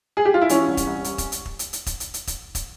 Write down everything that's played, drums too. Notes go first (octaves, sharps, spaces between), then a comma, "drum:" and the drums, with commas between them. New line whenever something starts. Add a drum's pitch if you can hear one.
G#4
G4
F4
E4
E3 C#4, drum: hi-hat
C2
drum: kick, hi-hat
C2
C2, drum: hi-hat
drum: kick, hi-hat
drum: hi-hat
drum: kick
drum: hi-hat
drum: hi-hat
drum: kick, hi-hat
drum: hi-hat
drum: hi-hat
drum: kick, hi-hat
drum: kick, hi-hat